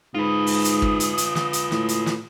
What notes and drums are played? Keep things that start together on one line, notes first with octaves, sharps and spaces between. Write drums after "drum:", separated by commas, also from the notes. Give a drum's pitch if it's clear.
G#2 F4 B4 D#6
drum: open hi-hat
drum: hi-hat
drum: kick
drum: hi-hat
drum: hi-hat
drum: snare
drum: hi-hat
A2, drum: snare
drum: hi-hat
drum: snare